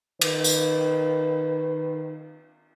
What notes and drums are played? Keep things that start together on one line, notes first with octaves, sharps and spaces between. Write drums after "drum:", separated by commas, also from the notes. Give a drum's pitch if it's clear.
D#3 B4, drum: cymbal
drum: tambourine